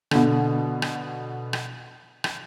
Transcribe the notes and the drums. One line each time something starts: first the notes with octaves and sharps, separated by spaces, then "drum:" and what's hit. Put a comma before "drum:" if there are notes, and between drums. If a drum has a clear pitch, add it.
B2 D3, drum: rim click
drum: rim click
drum: rim click
drum: rim click